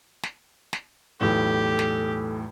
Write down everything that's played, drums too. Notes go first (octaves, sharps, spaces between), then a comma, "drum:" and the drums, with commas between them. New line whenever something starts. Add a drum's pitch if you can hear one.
drum: snare
drum: snare
B1 E2 A2 G4 A4
drum: snare